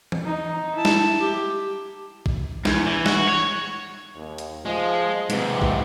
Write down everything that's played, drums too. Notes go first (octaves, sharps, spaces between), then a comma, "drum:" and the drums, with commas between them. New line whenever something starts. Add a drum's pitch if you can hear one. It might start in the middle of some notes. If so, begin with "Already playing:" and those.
drum: tom E3
D#4
E4 A5
drum: snare
G4
drum: kick
E2, drum: snare
E3
F#4, drum: snare
C#5
D#2
drum: hi-hat
F3 G#3
G#2 C3 B4, drum: hi-hat
drum: kick